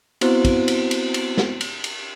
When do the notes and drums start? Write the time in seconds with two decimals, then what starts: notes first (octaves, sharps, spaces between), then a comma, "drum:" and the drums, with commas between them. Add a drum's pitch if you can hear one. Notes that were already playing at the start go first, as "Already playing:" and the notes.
0.21 B3 C4 E4 F#4 C5, drum: cymbal
0.45 drum: kick, cymbal
0.68 drum: cymbal
0.91 drum: cymbal
1.14 drum: cymbal
1.37 drum: snare
1.61 drum: cymbal
1.84 drum: cymbal